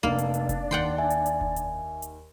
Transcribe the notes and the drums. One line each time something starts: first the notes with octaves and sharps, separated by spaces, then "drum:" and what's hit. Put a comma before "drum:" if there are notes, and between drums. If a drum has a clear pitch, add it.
F1 A#3 D4 D5
drum: hi-hat
drum: hi-hat
drum: kick F1, hi-hat
D#2 F#5 G5 C6
E5 G#5
drum: hi-hat
drum: hi-hat
drum: kick F1
drum: hi-hat
drum: hi-hat